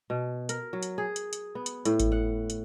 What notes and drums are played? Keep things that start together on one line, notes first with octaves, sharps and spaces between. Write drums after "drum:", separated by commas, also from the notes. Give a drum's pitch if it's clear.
B2
A#4, drum: hi-hat
F#3
drum: hi-hat
G#4
drum: hi-hat
drum: hi-hat
B3
drum: hi-hat
A2, drum: hi-hat
drum: kick G#1, hi-hat
F#5
drum: hi-hat